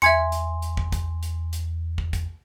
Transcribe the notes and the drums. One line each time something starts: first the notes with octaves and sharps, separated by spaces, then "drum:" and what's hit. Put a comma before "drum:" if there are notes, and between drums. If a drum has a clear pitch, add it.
E2 E5 G#5 C6 G#6 C#7, drum: hi-hat
drum: hi-hat
drum: hi-hat
drum: kick
drum: kick, hi-hat
drum: hi-hat
drum: hi-hat
drum: kick
drum: kick, hi-hat